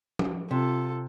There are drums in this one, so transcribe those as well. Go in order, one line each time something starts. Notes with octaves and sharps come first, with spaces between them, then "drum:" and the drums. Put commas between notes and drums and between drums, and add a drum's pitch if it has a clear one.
drum: tom F3
C3 F4 A4